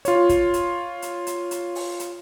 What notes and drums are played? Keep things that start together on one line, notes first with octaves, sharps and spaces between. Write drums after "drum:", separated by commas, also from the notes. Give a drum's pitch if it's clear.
F4 C#5, drum: hi-hat
drum: kick, hi-hat
drum: hi-hat
drum: hi-hat
drum: hi-hat
drum: hi-hat
drum: open hi-hat
drum: hi-hat